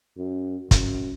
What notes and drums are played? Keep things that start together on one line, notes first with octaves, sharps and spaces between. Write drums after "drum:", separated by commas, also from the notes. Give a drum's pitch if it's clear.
F#2
F#2, drum: kick, hi-hat